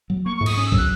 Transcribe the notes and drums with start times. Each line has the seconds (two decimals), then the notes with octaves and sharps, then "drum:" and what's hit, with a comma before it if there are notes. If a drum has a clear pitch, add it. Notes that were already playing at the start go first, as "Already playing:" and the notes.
0.10 F#3
0.25 A#3 C#6
0.36 C#6
0.40 G#2
0.46 D#6, drum: cymbal
0.56 C#4 D#6
0.67 E6
0.72 F#3, drum: kick
0.78 F#6